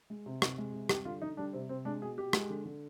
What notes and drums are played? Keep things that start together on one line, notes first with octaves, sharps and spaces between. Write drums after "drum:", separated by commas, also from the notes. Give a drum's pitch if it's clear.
G#3
C3
C3, drum: rim click
G#3
C3
G3 G4, drum: rim click
D3 F4
D3 D#4
G3 D4
C3 C4
C3 C4
G#3 D4
B2 G#4
B2 G4
G#3, drum: rim click
D3
D3